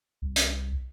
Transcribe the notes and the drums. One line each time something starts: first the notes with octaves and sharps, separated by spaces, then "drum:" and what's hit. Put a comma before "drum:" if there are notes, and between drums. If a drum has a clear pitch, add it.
C2
drum: hi-hat